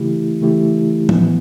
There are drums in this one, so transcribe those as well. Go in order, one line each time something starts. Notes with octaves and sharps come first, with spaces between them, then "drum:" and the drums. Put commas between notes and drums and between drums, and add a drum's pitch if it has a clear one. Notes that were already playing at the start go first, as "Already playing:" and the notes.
Already playing: C#3 E3 A3 E4 G4
C#3 E3 A3 E4 G4
A2 E3 B3, drum: tom F3